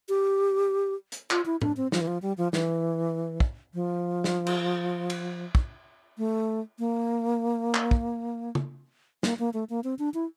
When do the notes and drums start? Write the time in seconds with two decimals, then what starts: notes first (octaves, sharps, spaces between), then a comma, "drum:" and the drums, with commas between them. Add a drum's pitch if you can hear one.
0.09 G4
1.12 drum: hi-hat
1.31 F4, drum: clap
1.46 E4
1.62 D4, drum: tom
1.77 C4
1.92 F3, drum: snare
2.01 E3
2.07 F3
2.22 G3
2.38 F3
2.53 E3, drum: snare
3.40 drum: kick
3.74 F3
4.24 drum: snare
4.46 drum: cymbal
5.10 drum: cymbal
5.55 drum: kick
6.18 A3
6.79 A#3
7.74 drum: clap
7.91 drum: kick
8.55 drum: tom
9.23 A#3, drum: snare
9.39 A#3
9.53 A3
9.69 A#3
9.84 C4
9.99 D4
10.14 E4